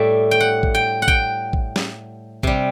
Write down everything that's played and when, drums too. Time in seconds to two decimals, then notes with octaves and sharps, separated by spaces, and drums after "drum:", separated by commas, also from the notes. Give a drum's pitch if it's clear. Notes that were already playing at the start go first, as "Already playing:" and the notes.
Already playing: A2 G3 D5 E5
0.31 G5
0.40 F#5
0.63 drum: kick A1
0.75 G5
1.02 F#5
1.08 G5, drum: kick A1
1.53 drum: kick A1
1.76 drum: snare
2.43 C3 G3, drum: kick A1